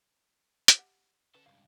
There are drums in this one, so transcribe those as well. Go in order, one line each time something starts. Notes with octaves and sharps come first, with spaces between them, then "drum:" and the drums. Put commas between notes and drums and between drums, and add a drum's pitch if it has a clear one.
drum: hi-hat
G4 E5 F#5
D3 C#4 A4 B4
C#2 G2 C#4 F5